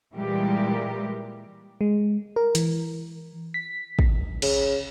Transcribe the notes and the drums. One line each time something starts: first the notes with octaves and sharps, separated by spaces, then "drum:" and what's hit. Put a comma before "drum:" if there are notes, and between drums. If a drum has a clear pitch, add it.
A#2 E3 G3 G#3 G4 A#4
G#3
A#4
E3, drum: hi-hat
B6
drum: kick
C#3, drum: cymbal